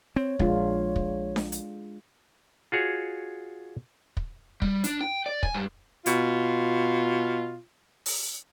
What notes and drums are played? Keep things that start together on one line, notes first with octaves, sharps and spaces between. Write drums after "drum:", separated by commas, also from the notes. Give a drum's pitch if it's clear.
C4 C#5
A#1 G#3 D4 F4, drum: kick
drum: kick
drum: snare D4
drum: hi-hat
F4 F#4 G#4 C#5
drum: kick
G3, drum: kick
D4, drum: hi-hat
G5
D5
G#5, drum: kick
G2
B2 F4, drum: hi-hat
drum: open hi-hat